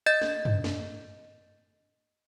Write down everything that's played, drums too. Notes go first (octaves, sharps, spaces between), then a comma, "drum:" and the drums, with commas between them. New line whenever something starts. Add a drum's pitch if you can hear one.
D#5 G6 A6
drum: snare
drum: tom F#2
drum: snare